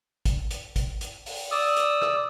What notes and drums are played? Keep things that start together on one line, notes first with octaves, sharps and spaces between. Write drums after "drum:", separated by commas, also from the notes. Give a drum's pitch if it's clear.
drum: kick G#1, hi-hat
drum: hi-hat
drum: kick G#1, hi-hat
drum: hi-hat
drum: open hi-hat
D5 D#6 E6
drum: hi-hat
drum: rim click